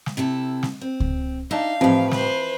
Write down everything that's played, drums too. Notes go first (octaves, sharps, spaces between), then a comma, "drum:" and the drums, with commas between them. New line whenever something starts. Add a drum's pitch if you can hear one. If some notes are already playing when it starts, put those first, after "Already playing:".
drum: snare
C3 E4 A4
drum: snare
C4
drum: kick C#2
D4 D#4 E5 F5
A2 E3 F3 C4 D#4 G4
B4 C5, drum: snare